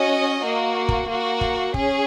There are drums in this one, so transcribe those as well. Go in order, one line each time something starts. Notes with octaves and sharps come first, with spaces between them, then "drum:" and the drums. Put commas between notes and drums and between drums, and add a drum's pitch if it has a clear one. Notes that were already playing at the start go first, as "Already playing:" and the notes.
Already playing: C#4 F#4 D#5
A#3 F#4
drum: kick
A#3 F#4
drum: kick
C#4 G#4, drum: kick